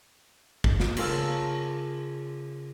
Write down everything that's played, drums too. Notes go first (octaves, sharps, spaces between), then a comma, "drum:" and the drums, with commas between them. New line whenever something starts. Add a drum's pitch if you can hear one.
drum: kick
drum: snare
C#3 F4 A#4 A5 E6, drum: cymbal